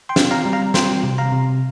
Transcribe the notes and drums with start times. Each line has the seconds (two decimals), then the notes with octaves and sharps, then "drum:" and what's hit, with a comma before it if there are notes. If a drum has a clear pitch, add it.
0.09 G5 C6
0.16 C4, drum: snare
0.31 F5 A#5
0.46 G3
0.53 F5 A#5
0.74 C4 G5 C6, drum: snare
1.04 C3
1.18 F5 A#5
1.32 C3